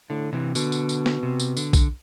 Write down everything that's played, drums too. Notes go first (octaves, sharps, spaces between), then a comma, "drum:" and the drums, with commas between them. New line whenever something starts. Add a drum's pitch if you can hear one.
A2 D3
C3 E3
B2 D3, drum: tambourine
drum: tambourine
drum: tambourine
drum: snare
C3
drum: tambourine
D3, drum: tambourine
drum: kick, tambourine